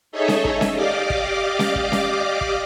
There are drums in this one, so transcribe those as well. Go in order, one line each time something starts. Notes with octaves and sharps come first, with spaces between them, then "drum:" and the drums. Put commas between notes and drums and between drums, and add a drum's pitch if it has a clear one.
D#4 G#4 A4 C#5 D#5 E5
drum: snare C#4
drum: kick
drum: snare C#4
G4 D5 D#5 F5 D6
drum: kick
drum: snare C#4
drum: kick
drum: snare C#4
drum: kick